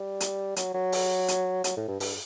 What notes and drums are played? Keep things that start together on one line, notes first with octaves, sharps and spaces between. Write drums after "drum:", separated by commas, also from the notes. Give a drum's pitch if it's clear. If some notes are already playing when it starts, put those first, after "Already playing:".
Already playing: G3
drum: hi-hat
F#3, drum: hi-hat
F#3
drum: open hi-hat
drum: hi-hat
F#3, drum: hi-hat
A2
G2
G2, drum: open hi-hat